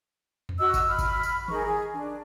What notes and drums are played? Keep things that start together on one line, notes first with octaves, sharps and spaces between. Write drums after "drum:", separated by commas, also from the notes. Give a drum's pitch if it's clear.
drum: tom E2
F#4 D#5 E6
drum: kick G#1, tambourine
B5 F6
drum: kick G#1, tambourine
drum: tambourine
D#4 G#4 A#4 C#6, drum: tom D#3
G#4
D4